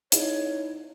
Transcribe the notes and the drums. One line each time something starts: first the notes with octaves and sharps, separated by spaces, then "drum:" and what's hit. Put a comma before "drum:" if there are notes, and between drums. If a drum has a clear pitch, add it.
D#4 E4 G#4 C#5, drum: hi-hat